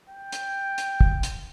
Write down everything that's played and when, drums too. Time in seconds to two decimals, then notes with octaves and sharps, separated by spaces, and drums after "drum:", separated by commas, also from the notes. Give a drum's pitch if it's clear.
0.09 G5
0.32 drum: hi-hat
0.78 drum: hi-hat
1.01 drum: kick
1.23 drum: hi-hat